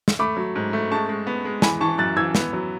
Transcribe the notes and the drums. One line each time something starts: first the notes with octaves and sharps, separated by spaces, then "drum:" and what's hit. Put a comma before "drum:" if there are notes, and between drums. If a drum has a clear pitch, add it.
drum: snare
A3 B5 D6
F#3
G#2
A3
G#3 A5 C#6
G#3
B3
G#3
E3 G#5 B5, drum: snare
E3 A5 C#6
F#2 F#6 A6
E3 E6 G#6
B3, drum: snare
F#3